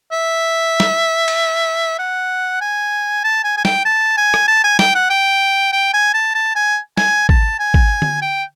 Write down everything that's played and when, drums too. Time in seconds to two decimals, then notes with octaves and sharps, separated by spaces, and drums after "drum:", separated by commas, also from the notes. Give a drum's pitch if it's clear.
0.12 E5
0.80 drum: snare
1.28 drum: cymbal
1.99 F#5
2.61 G#5
3.24 A5
3.44 G#5
3.57 G#5
3.65 G5, drum: snare
3.86 A5
4.17 G#5
4.34 drum: rim click
4.48 A5
4.64 G#5
4.79 G5, drum: snare
4.95 F#5
5.10 G5
5.73 G5
5.94 G#5
6.14 A5
6.35 A5
6.56 G#5
6.97 G#5, drum: snare
7.29 A5, drum: kick
7.59 G#5
7.74 drum: kick
8.02 drum: tom D3
8.22 G5